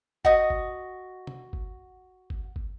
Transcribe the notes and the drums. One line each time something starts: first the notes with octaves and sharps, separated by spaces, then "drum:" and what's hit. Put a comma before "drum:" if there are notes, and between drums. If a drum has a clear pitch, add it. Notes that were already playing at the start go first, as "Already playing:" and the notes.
F#4 D#5 D#6, drum: kick G1
drum: kick G1
drum: tom
drum: kick G1
drum: kick G1
drum: kick G1